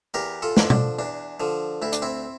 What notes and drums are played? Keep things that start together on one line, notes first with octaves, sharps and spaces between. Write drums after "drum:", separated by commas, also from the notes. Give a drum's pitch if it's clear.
E2 G4 A#4
F4 A4
D3 F3, drum: snare
D4, drum: tom B2
E2 D4
D3 F3
D2 E4
D4, drum: hi-hat
C4 E4